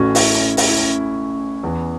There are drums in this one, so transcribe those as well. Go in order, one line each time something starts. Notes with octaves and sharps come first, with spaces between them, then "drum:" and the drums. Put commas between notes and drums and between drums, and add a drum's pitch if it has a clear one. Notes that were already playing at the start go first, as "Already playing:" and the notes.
Already playing: A1 A2 A3 C#4 F#4
E4, drum: open hi-hat
C#4
E4, drum: open hi-hat
E4
C#4
E2 E3 B3